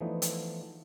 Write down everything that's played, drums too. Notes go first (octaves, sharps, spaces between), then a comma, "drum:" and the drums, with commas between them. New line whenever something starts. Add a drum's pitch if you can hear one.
E3 F3 A3 B3 D4 D#4
drum: hi-hat